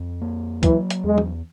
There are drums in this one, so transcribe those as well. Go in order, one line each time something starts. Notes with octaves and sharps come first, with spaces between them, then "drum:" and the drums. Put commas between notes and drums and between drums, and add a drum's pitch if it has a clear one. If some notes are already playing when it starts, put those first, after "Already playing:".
Already playing: F2
A#3
E3 F#3, drum: kick C#2, hi-hat
drum: hi-hat
E2 G#3
drum: tom E3